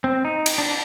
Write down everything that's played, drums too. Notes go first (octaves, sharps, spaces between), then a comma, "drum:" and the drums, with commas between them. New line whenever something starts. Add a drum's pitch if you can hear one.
C4
D#4
drum: cymbal
D4